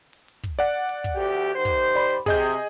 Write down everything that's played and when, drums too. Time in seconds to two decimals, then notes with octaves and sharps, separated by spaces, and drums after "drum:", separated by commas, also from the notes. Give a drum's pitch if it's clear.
0.13 drum: open hi-hat
0.28 drum: open hi-hat
0.43 drum: kick, hi-hat
0.59 D5 F#5, drum: hi-hat
0.74 drum: open hi-hat
0.89 drum: open hi-hat
1.04 drum: kick, hi-hat
1.15 D2 G4
1.35 drum: open hi-hat
1.55 D#3 G4 C5
1.65 drum: kick, hi-hat
1.80 drum: hi-hat
1.95 D5 B5, drum: open hi-hat
2.11 drum: open hi-hat
2.26 C3 G#4 D#5 G6, drum: kick, hi-hat
2.41 drum: hi-hat